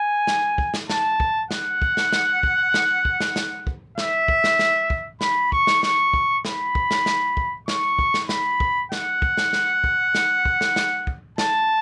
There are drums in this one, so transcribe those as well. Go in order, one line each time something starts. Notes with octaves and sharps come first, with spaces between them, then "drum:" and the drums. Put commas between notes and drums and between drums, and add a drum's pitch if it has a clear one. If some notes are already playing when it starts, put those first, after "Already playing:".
Already playing: G#5
drum: snare
drum: kick
drum: snare
A5, drum: snare
drum: kick
F#5, drum: snare
drum: kick
drum: snare
drum: snare
drum: kick
drum: snare
drum: kick
drum: snare
drum: snare
drum: kick
E5, drum: snare
drum: kick
drum: snare
drum: snare
drum: kick
B5, drum: snare
C#6, drum: kick
drum: snare
C#6, drum: snare
drum: kick
B5, drum: snare
drum: kick
drum: snare
drum: snare
drum: kick
C#6, drum: snare
drum: kick
drum: snare
B5, drum: snare
drum: kick
F#5, drum: snare
drum: kick
drum: snare
drum: snare
drum: kick
drum: snare
drum: kick
drum: snare
drum: snare
drum: kick
A5, drum: snare